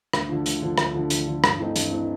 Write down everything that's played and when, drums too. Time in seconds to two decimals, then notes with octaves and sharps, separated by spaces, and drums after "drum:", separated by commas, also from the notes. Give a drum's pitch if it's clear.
0.13 D2, drum: rim click
0.29 D3 F3
0.46 D2, drum: hi-hat
0.62 D3 F3
0.78 D2, drum: rim click
0.94 D3 F3
1.10 D2, drum: hi-hat
1.27 D3 F3
1.44 G2, drum: rim click
1.59 E3 A3 C4 D#4
1.76 G2, drum: hi-hat
1.91 E3 A3 C4 D#4